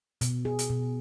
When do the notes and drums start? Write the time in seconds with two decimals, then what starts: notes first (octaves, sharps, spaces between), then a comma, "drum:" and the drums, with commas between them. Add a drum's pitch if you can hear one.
0.21 B2, drum: hi-hat
0.45 G#4
0.59 drum: hi-hat
0.70 B2